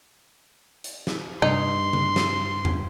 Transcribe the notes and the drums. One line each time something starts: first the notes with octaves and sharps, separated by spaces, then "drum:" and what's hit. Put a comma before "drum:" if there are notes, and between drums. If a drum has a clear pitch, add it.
drum: hi-hat
drum: snare
G2 D#4 C6, drum: tom C3
drum: tom C#3
drum: snare
drum: tom E2